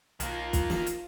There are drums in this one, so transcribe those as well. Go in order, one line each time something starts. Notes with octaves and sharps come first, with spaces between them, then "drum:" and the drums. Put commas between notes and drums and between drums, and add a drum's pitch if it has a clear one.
B1 D#3 F3 A#3 F4, drum: hi-hat
drum: kick, hi-hat
drum: snare
drum: hi-hat